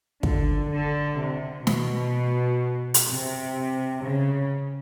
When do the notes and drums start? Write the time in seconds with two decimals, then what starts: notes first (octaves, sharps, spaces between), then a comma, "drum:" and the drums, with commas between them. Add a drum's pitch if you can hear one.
0.23 D3, drum: kick
0.71 D3
1.19 C3
1.67 B2, drum: snare
2.94 drum: hi-hat
3.09 C3
4.04 C#3